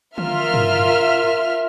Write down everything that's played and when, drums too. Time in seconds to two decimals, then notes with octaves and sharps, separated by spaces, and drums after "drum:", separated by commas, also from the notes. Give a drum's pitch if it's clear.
0.18 F4 A#4 E5 F6, drum: tom D3
0.54 drum: tom G2